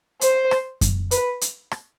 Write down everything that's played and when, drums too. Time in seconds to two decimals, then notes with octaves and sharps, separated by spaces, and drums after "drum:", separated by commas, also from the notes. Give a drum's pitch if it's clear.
0.21 C5, drum: hi-hat
0.51 drum: rim click
0.81 drum: kick F#2, hi-hat
1.11 B4, drum: hi-hat
1.41 drum: hi-hat
1.71 drum: rim click